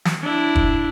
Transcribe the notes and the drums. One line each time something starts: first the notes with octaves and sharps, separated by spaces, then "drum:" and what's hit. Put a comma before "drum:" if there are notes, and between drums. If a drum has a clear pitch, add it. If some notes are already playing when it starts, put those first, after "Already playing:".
drum: snare
D4 E4
drum: kick